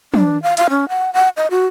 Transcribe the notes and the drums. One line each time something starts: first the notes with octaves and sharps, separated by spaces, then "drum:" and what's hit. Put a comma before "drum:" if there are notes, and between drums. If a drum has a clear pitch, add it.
D4, drum: tom
F5
F5, drum: hi-hat
C#4
F#5
F#5
D#5
F#4